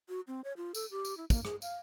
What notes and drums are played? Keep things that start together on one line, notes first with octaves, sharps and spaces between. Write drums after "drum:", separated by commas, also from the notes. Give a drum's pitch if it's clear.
F#4
C4
C#5
F4
A4, drum: tambourine
G4
drum: tambourine
E4
A#3, drum: kick, tambourine
G#4, drum: rim click
F5, drum: tambourine